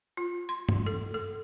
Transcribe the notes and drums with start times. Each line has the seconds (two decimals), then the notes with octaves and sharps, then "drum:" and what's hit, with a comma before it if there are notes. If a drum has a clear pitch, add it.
0.17 F4
0.49 C6
0.69 drum: tom G2
0.86 A4
1.14 A4